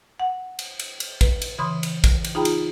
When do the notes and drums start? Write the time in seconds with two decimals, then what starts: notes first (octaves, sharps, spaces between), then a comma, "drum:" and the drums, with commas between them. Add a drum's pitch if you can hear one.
0.20 F#5
0.59 drum: cymbal
0.79 drum: cymbal
1.00 drum: cymbal
1.21 B4, drum: kick, cymbal
1.42 drum: cymbal
1.59 C#3 E3 B5 C6 D#6
1.83 drum: cymbal
2.04 drum: kick, cymbal
2.24 drum: cymbal
2.35 D#4 F4 G#4 G5 A#5 B5
2.45 drum: cymbal